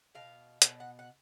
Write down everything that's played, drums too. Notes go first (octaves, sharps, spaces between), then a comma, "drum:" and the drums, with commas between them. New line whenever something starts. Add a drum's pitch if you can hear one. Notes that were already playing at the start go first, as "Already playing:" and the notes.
B2 F5
B2 F#5, drum: hi-hat
F#5
F#5